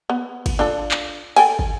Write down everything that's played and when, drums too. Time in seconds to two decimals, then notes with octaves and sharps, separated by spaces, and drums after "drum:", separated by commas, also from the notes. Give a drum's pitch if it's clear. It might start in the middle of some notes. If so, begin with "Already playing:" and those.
0.10 B3
0.46 drum: kick, cymbal
0.59 D4 F4 A4
0.91 drum: clap
1.36 A4 G5 G#5, drum: cymbal
1.59 drum: kick